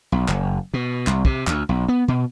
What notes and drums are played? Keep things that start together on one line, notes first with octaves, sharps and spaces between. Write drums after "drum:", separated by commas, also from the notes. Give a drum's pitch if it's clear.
B1
F#1, drum: clap
B2
C2, drum: clap
C3, drum: kick
D2, drum: clap
B1
B3
B2